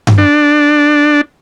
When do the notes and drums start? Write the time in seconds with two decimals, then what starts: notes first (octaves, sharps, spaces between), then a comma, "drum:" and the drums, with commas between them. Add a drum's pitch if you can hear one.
0.07 drum: tom G2
0.18 D4